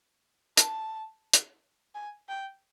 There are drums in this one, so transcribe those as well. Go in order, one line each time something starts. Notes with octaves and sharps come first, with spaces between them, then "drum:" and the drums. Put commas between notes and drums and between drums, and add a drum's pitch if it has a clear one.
A5, drum: hi-hat
drum: hi-hat
G#5
G5